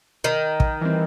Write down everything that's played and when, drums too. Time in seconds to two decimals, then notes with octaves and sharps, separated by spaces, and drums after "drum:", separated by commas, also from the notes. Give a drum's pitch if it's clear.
0.24 D#3
0.60 drum: kick
0.81 E3 G3 C4